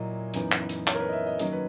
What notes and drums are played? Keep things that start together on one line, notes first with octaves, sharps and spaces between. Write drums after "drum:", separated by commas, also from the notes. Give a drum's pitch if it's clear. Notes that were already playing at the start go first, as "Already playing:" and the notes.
Already playing: A#2 F#3 A#3 E4 D#5
F#2 E3 B3 D#4, drum: hi-hat
drum: clap
drum: hi-hat
C#5, drum: clap
A#4
B4
D#5
E5
D#5
D#3 F#3 A#3 C#4 D#5, drum: hi-hat
B4